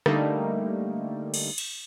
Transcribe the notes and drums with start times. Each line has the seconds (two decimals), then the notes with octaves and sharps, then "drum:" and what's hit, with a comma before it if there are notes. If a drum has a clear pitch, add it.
0.06 D3 G3 A3 A#3 D#4, drum: rim click
1.34 drum: cymbal
1.58 drum: cymbal